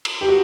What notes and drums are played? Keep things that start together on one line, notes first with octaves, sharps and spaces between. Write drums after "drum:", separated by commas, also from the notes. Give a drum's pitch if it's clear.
drum: cymbal
G4
F#4